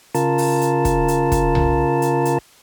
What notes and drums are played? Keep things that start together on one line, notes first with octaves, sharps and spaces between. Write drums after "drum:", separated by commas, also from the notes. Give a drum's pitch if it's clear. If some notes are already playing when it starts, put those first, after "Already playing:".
C#3 F4 A#4 A5, drum: hi-hat
drum: open hi-hat
drum: hi-hat
drum: kick, hi-hat
drum: hi-hat
drum: kick, hi-hat
drum: tom B1
drum: hi-hat
drum: hi-hat